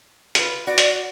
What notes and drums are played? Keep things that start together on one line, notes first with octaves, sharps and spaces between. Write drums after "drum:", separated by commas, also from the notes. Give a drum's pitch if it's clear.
F4 B4, drum: hi-hat
F#4 D5
drum: hi-hat